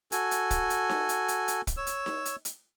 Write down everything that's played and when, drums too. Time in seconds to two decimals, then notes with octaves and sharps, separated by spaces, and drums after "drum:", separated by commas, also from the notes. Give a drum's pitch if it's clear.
0.12 F#4 A4 G#5, drum: hi-hat
0.31 drum: hi-hat
0.51 drum: kick, hi-hat
0.70 drum: hi-hat
0.89 drum: snare D#4
1.09 drum: hi-hat
1.28 drum: hi-hat
1.48 drum: hi-hat
1.67 drum: kick, hi-hat
1.77 C#5 E6
1.87 drum: hi-hat
2.06 drum: snare D#4
2.25 drum: hi-hat
2.45 drum: hi-hat